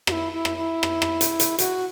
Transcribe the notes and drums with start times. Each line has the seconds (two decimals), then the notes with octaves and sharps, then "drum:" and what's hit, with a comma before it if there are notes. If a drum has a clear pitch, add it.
0.07 F#4, drum: rim click
0.12 E4
0.33 E4
0.45 drum: rim click
0.58 E4
0.83 drum: rim click
1.02 drum: rim click
1.21 drum: hi-hat
1.40 drum: hi-hat
1.58 F#4, drum: hi-hat